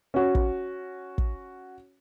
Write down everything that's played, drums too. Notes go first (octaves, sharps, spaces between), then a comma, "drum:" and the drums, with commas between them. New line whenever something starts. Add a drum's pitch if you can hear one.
C#4 F#4
drum: kick
drum: kick